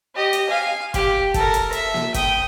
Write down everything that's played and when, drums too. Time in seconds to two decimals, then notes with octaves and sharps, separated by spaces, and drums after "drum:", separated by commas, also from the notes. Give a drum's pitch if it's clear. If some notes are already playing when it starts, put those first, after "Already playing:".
0.15 G4 D#5
0.33 drum: hi-hat
0.49 F5 G#5
0.94 G4, drum: kick, hi-hat
1.34 A4 A#4, drum: kick, hi-hat
1.54 drum: hi-hat
1.72 E5, drum: hi-hat
1.94 drum: snare A#3
2.14 G5 D#6, drum: kick, hi-hat